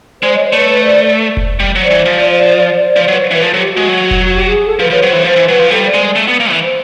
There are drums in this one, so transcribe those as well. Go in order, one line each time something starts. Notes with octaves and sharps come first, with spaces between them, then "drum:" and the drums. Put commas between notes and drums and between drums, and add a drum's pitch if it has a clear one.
G#3 C5 D5
C#5 D#5
C5 D5
A3 B4 C#5
B4 C#5
C5 D5
drum: kick F1
G3
F#3
C5 D5
E3
F3
F3 B4 C#5
F#3 B4 C#5
C5
E3 B4
F3 A4
F#3
G4
G#3 F#4
F#3
drum: kick F1
G4
G#4
A4
F3 B4
F3 C#5
F#3 C5
E3
F3 C5
E3
F#3 B4
F3
G3 A4
C5 D5
G#3
A3
B3
A#3
E3
C5